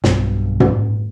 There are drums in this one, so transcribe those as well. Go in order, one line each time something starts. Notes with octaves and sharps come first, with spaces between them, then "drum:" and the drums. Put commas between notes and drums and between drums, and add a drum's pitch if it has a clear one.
B1 G2 B2, drum: snare
drum: tom